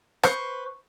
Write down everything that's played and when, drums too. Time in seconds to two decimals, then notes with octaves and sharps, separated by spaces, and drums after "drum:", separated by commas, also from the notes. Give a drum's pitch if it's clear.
0.23 B4 C5 C#6, drum: rim click